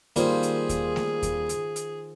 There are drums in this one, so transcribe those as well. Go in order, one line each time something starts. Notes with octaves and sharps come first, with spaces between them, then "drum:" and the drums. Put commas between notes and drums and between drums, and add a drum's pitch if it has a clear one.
D#3 G3 A#3 F4 G#4 C5, drum: hi-hat
drum: hi-hat
drum: kick D#2, hi-hat
drum: snare A3
drum: kick D#2, hi-hat
drum: hi-hat
drum: hi-hat